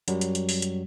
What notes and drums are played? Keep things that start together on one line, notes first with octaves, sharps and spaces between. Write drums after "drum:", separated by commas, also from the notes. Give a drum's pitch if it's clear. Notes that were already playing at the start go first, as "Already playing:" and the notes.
F#2 F#3 G3, drum: hi-hat
drum: hi-hat
drum: hi-hat
drum: open hi-hat
drum: hi-hat